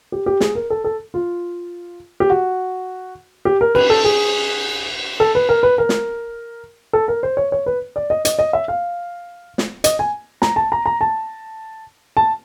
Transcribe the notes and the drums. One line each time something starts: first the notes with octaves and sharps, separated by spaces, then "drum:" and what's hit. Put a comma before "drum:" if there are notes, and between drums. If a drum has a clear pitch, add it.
G4
G4
G#4, drum: snare
A#4
A4
A4
F4
G4
F#4
G4
A#4
B4, drum: cymbal
A4
G#4
A4
B4
A#4
B4
A#4
drum: snare
A4
A#4
C5
C#5
C#5
B4
D5
D#5
D#5, drum: hi-hat
D#5
E5
F5
drum: snare
D#5, drum: hi-hat
G#5
A#5, drum: snare
A5
A#5
A#5
A5
A5